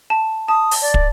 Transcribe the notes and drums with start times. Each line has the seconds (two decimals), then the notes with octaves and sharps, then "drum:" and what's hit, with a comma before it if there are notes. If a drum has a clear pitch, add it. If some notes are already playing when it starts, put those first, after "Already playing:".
0.10 A5
0.48 A5 D#6
0.71 drum: open hi-hat
0.82 D5
0.94 drum: kick